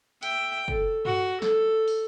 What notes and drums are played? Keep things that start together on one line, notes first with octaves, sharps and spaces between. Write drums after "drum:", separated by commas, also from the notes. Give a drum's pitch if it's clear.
E5 G5, drum: hi-hat
A4, drum: kick
F#4, drum: tom G2
A4, drum: snare
drum: open hi-hat